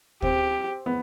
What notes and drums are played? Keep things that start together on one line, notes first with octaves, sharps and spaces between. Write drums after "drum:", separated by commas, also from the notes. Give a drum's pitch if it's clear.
C4 G4, drum: kick D2
B3